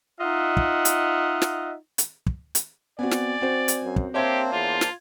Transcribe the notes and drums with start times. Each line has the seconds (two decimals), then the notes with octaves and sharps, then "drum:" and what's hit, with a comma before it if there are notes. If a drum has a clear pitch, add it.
0.20 D#4 F4 D#5 E5 F#5
0.57 drum: kick
0.85 drum: hi-hat
1.42 drum: snare
1.98 drum: hi-hat
2.26 drum: kick
2.55 drum: hi-hat
2.99 B3 C4 F#4 D5 G#5
3.11 drum: snare
3.41 C4 F#4 C5
3.68 drum: hi-hat
3.83 F#2
3.96 drum: kick
4.14 A#3 C4 D4 G4 C5 C#5 E5 G#6
4.53 E2 F4
4.81 drum: snare